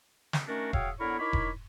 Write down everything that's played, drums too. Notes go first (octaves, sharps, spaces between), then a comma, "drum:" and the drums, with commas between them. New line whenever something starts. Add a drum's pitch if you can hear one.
drum: snare
D#3 A3 C#4 D4 F#4 A#4
F#4 G#4 C#5 E5 F5 G5, drum: kick E1
D3 B3 E4 A#4 C#5 B5
D#4 E4 A#4 C#5 B5 D6
drum: kick E1